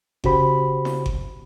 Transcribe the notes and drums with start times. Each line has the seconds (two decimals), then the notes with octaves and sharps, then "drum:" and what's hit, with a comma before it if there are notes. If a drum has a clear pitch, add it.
0.24 C#3 F#4 G4 C5 B5, drum: kick G1
0.85 drum: snare E4
1.06 drum: kick G1